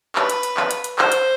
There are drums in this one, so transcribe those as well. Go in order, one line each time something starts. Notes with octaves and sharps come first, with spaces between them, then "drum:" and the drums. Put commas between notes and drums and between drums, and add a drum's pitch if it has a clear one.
B4, drum: clap
drum: hi-hat
drum: hi-hat
drum: clap
drum: hi-hat
drum: hi-hat
C5, drum: clap
drum: hi-hat